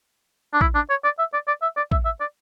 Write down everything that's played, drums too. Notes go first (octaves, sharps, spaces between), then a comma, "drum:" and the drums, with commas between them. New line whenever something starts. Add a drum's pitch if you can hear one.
D4
E4, drum: kick
D4
C#5
D5
E5
D5
D5
E5
D5
E5, drum: kick
E5
D5